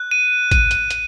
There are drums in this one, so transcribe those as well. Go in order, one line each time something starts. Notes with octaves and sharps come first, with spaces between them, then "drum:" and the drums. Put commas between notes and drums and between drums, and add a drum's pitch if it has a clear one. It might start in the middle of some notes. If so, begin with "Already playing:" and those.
Already playing: F#6
D#7
D#7, drum: kick, hi-hat
drum: hi-hat
drum: hi-hat